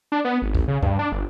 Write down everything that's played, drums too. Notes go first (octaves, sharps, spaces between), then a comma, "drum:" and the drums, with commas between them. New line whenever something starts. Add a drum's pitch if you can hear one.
D4
B3
G#1
A1, drum: kick D2
C#3
G2, drum: kick D2
D4
G1